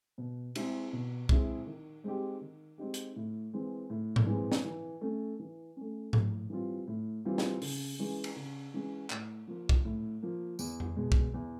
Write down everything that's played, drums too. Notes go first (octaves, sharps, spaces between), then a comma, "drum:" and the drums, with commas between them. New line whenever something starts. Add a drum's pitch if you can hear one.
B2
G#3 C4 E4 G#4, drum: cymbal
B2
G#3 C4 E4 G#4, drum: kick
D#3
G#3 C4 D#4 G4
D#3
G#3 C4 D#4 G4
drum: hi-hat
A2
E3 G#3 C4
A2
drum: tom G#2
E3 G#3 C4
drum: snare
E3
A3 C#4
E3
A3 C#4
A2, drum: tom G#2
E3 G3 C4 F4
A2
E3 G3 C4 F4
drum: snare
C#3, drum: open hi-hat
E3 G#3 C#4
drum: cymbal
C#3
E3 G#3 C#4
A2, drum: clap
F3 A#3
drum: kick
A2
F3 A#3
E2, drum: tambourine
drum: tom F2
B2 G#3
drum: kick
E2